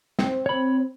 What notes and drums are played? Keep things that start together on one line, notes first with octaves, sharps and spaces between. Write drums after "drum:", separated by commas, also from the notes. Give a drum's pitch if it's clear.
C4, drum: snare
C#5 B5